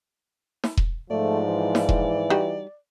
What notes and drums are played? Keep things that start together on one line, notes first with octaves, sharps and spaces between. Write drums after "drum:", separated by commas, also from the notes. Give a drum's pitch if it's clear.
drum: snare
drum: kick E1
G#2 F3 A3 D5
E3
drum: snare
drum: kick E1
G3 D#4 F#4